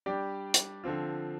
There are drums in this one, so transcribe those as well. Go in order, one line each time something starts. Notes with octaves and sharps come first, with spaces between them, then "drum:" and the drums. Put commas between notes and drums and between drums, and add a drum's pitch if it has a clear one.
G3 D4 G4 D5
drum: hi-hat
D3 F3 C4 F4